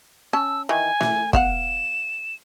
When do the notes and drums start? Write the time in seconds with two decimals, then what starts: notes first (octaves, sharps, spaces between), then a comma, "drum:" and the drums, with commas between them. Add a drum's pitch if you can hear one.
0.33 C#4 A5 E6
0.69 D#3 E3 G#5
1.01 E3, drum: snare
1.33 B3 F5 F#5 E7, drum: kick